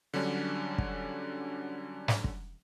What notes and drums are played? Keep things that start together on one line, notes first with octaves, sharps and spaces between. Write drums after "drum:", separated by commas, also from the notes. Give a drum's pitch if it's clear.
D3 F#3 G3 C#4 D4
drum: kick
drum: snare
drum: kick